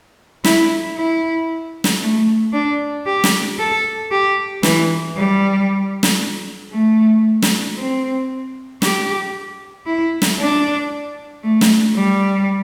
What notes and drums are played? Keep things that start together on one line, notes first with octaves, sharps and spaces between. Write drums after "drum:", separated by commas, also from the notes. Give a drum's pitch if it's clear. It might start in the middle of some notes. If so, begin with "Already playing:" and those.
E4, drum: snare
E4
drum: snare
A3
D4
G4
drum: snare
A4
G4
E3, drum: snare
G3
drum: snare
A3
drum: snare
C4
G4, drum: snare
E4
drum: snare
D4
A3
drum: snare
G3